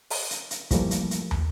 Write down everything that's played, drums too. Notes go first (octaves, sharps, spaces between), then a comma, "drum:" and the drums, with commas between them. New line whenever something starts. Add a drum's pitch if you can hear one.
drum: open hi-hat
drum: hi-hat
drum: hi-hat
E3 F3 G3 A3 A#3, drum: kick, hi-hat
drum: hi-hat
drum: hi-hat
drum: tom